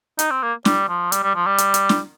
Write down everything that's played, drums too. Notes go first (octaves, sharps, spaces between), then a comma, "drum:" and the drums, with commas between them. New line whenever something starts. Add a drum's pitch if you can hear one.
D#4, drum: hi-hat
C4
A#3
G3, drum: snare
F3
G3, drum: hi-hat
G3
F3
G3
drum: hi-hat
drum: hi-hat
drum: snare